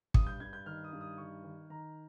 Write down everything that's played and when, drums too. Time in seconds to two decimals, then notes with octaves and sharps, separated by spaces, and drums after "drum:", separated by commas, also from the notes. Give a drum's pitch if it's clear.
0.14 G2 D#6, drum: kick
0.27 G6
0.40 G2 G#6
0.53 G6
0.66 D#3 F6
0.84 D#6
0.92 G2
1.01 D#6
1.18 D#3 C#6
1.44 D#3
1.70 D#3 A#5